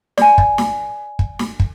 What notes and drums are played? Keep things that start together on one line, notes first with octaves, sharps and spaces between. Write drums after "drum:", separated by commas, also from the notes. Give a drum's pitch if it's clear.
D5 G#5, drum: snare
drum: kick
drum: snare
drum: kick
drum: snare
drum: kick